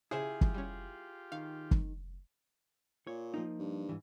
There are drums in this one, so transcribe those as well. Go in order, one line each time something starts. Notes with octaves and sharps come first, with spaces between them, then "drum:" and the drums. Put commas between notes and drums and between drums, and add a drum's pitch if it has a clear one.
C#3 E4 F4 G4 G#4 C5 C#5
drum: kick
G3 C#4
D#3 F5
drum: kick
A#2 C#5
F3 A#3 D#4
G2
G#2 E3